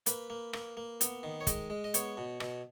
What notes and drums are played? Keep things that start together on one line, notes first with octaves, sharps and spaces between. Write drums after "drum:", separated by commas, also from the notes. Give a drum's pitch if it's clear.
A#3 B4, drum: hi-hat
A#3
A#3, drum: rim click
A#3
B3, drum: hi-hat
D#3
C#5
G#3 D#5, drum: kick, hi-hat
G#3
D#5
B3 C#5, drum: hi-hat
B2
B2, drum: rim click